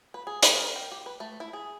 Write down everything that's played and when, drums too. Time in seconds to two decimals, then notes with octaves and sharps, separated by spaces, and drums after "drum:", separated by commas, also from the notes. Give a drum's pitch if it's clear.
0.14 B4
0.27 G#4
0.43 G#4, drum: hi-hat
0.58 A#4
0.76 G5
0.92 G4
1.06 B4
1.20 A3
1.40 E4
1.53 G#4